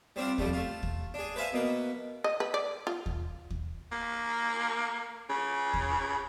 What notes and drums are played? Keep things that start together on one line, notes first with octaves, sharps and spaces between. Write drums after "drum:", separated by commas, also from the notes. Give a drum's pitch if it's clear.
G3 C4 D4 F4
F2 F3 G3 A3, drum: kick
A3 F4
drum: kick
D4 G#4
B4 C5 E5 F5 G#5
B2 A#3 B4
D#5
B4
D5
F4
drum: kick
drum: kick
A#3
C#3
drum: kick